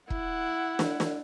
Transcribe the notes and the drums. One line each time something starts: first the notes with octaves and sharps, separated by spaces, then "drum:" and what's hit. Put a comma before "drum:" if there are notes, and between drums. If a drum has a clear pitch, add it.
E4 F#5, drum: kick
drum: snare
drum: snare